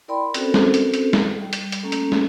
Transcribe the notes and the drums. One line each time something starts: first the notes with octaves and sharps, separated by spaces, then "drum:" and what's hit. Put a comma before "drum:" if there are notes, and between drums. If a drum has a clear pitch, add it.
E4 A#4 D5 G5 B5 C6
C4 C#4 F#4 A4 A#4 C5, drum: hi-hat
drum: snare
drum: hi-hat
drum: hi-hat
drum: snare
G3
drum: hi-hat
drum: hi-hat
A3 A#3 C#4 A4
drum: hi-hat
drum: snare